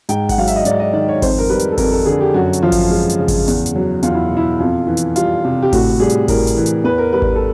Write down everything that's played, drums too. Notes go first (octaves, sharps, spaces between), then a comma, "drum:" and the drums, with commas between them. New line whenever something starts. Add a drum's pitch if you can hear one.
G#2 G5, drum: hi-hat
F#5, drum: kick G#1, open hi-hat
F#3 F5
E5, drum: hi-hat
D#5
G#2 D5, drum: hi-hat
D#5
D#3 D5
C#5
F2 C5, drum: kick G#1, open hi-hat
A#4
G3 B4
drum: hi-hat
A4
F2 A#4, drum: kick G#1, open hi-hat
A4
D3 G#4
G4
F#2 F#4
drum: hi-hat
F3 F4
drum: kick G#1, open hi-hat
G#3
drum: hi-hat
C#3
drum: kick G#1, open hi-hat
E2, drum: hi-hat
drum: hi-hat
F#3
E2 F4, drum: hi-hat
E4
B2
E4
F2 F4
E3
drum: hi-hat
G3 F4, drum: hi-hat
C3
G4
A2 F#4, drum: kick G#1, open hi-hat
G3 G#4
drum: hi-hat
A2 A#4, drum: kick G#1, open hi-hat
drum: hi-hat
E3
drum: hi-hat
E2 B4
A#4
G3 B4
drum: kick G#1
A4